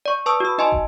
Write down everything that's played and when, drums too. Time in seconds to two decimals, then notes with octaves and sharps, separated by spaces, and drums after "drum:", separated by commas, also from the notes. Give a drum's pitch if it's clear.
0.06 D5 C#6
0.26 B4 A5 C#6 D#6 E6
0.40 F#4 E6
0.58 D#4 D#5 G#5 A5 C6
0.72 drum: kick